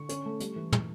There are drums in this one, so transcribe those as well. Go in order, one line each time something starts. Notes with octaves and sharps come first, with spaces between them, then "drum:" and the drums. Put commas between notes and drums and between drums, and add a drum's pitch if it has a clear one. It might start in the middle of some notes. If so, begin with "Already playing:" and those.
Already playing: D3 C#6
C#4, drum: hi-hat
A3
G3, drum: hi-hat
E3
drum: tom